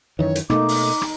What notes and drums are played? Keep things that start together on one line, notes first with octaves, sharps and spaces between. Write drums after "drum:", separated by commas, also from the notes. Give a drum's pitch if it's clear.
F#2 D#3 E3 C#5
drum: hi-hat
B2 A3 A#3 D#4 D6, drum: rim click
drum: open hi-hat
drum: rim click